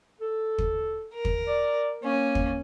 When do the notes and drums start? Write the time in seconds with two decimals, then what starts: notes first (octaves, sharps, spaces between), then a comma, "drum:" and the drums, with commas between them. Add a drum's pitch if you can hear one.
0.21 A4
0.58 drum: kick
1.14 A#4
1.25 drum: kick
1.47 D5
2.04 A#3 C#4
2.35 drum: kick